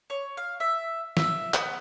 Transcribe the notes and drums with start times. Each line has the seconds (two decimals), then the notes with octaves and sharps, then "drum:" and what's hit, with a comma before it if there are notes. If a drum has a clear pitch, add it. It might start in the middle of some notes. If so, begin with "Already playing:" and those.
0.10 C#5
0.37 F5
0.60 E5
1.17 E5, drum: snare
1.54 B3, drum: clap